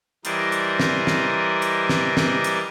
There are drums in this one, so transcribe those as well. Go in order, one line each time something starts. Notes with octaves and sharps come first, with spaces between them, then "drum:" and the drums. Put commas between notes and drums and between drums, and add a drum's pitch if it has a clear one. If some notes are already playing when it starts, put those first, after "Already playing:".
E3 G3 A#4 C5 D5 D#5, drum: hi-hat
drum: hi-hat
drum: snare
drum: snare
drum: hi-hat
drum: snare
drum: snare
drum: hi-hat